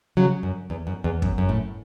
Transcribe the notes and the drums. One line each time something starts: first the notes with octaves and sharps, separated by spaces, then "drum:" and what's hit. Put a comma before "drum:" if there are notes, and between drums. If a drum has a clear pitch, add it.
C#3 F#3
F#2
E2
F#2
E2
F#2, drum: kick
F#2
A2